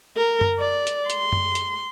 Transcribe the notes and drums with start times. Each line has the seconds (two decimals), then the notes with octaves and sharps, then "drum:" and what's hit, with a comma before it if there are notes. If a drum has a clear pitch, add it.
0.17 A#4
0.41 drum: tom F#2
0.59 D5
0.87 drum: hi-hat
1.10 C6, drum: hi-hat
1.32 drum: tom F#2
1.55 drum: hi-hat